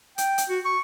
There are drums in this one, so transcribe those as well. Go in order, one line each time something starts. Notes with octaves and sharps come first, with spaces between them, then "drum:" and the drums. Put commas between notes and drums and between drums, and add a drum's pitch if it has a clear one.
G5, drum: hi-hat
drum: hi-hat
F#4
C#6